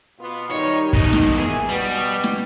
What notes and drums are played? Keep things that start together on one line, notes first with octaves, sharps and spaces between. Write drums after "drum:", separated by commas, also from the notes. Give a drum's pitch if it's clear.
B2 B3 F4
D#3 G3 D#4 C#5
B2 D#3 D#4, drum: kick
drum: snare
E3 G#4
B2 G3 B3
drum: snare